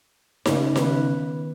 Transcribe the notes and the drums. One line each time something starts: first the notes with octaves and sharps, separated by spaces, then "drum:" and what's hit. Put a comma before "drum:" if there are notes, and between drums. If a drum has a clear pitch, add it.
C#3 C#5, drum: snare D#4
D#3 B3 B4, drum: snare D#4